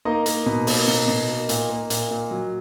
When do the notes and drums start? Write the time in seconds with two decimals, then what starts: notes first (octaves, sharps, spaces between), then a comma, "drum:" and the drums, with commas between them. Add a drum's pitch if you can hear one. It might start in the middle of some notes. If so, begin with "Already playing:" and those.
0.05 A#3 D#4 D#5
0.26 A#3, drum: hi-hat
0.46 B2
0.67 A#3, drum: open hi-hat
0.88 B2
1.08 B2
1.28 A#3
1.49 A#2, drum: hi-hat
1.70 A#3
1.90 A#2, drum: hi-hat
2.11 A#2
2.31 F#3